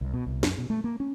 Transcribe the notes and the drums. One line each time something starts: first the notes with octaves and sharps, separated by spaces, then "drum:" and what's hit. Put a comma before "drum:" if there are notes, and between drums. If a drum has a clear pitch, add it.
C2
B2
C2
F#2, drum: snare
B2
A3
A#3
C#4